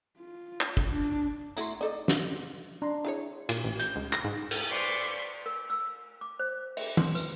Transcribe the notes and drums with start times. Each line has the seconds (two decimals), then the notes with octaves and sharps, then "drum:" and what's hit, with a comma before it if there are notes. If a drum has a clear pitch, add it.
0.19 F4
0.61 drum: clap
0.77 drum: kick
0.90 D4
1.57 A3 E4 F#4 A#5 C6, drum: tambourine
1.81 D#4 A4 D5 D#5
2.08 drum: snare
2.82 D4 A#5 C6
3.05 E4 G#4 C#5
3.49 A#2, drum: cymbal
3.64 A1
3.79 G6, drum: hi-hat
3.96 C#2
4.13 A#6, drum: clap
4.24 G#2
4.51 drum: cymbal
4.68 B4 C5 D5 C6 C#6
5.46 A#4
5.70 E6
6.21 D6
6.39 C5
6.77 E5, drum: open hi-hat
6.97 C6, drum: tom E3
7.15 B4, drum: tambourine